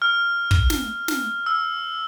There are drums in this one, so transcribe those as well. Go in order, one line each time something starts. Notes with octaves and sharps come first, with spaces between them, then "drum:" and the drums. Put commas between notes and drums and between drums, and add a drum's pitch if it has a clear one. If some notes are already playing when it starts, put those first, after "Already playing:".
F6
drum: kick
drum: snare
drum: snare
E6